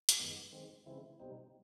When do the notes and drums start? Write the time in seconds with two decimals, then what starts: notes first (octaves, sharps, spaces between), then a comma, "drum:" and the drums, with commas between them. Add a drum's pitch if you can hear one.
0.09 drum: hi-hat
0.19 F#2 D#3 G#3 B3
0.53 D#3 G#3 C4
0.86 C#3 E3 G#3 C4 E4
1.20 B2 G3 C4 D#4